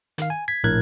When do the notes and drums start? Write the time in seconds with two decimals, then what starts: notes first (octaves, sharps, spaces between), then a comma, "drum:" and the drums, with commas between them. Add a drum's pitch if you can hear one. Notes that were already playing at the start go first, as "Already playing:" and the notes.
0.18 D#3 F5, drum: hi-hat
0.30 G#5
0.48 G#6 B6
0.64 A#1 A2 A#4 F#6 G#6